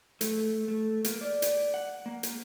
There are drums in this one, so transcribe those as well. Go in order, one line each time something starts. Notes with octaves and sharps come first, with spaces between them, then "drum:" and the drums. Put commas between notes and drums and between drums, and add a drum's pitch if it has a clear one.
A3, drum: hi-hat
A3
A#3, drum: hi-hat
D5
drum: hi-hat
F#5
A#3
drum: hi-hat